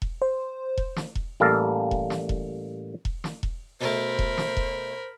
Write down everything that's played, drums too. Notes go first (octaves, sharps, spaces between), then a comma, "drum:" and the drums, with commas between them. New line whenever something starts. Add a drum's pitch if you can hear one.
drum: kick E1
C5
drum: kick E1
drum: snare
drum: kick E1
A1 G3 A#3 A4 F5 A#5
drum: kick E1
drum: snare
drum: kick E1
drum: kick E1
drum: snare
drum: kick E1
B2 A3 A#4 C5 B5
drum: kick E1
drum: snare
drum: kick E1